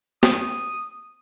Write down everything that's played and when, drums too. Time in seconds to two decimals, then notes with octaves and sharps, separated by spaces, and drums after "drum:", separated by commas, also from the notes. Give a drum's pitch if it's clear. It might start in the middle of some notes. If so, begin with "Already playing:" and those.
0.23 D#6, drum: snare